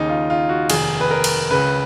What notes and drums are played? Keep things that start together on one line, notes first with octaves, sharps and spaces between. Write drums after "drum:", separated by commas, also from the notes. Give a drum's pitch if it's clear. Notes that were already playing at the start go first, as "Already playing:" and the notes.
Already playing: D#2 C#3 D#4
F4
F4
F#4
F1 D#2 D#3 G#4, drum: cymbal
B4
A#4
drum: cymbal
C#2 C#3 B4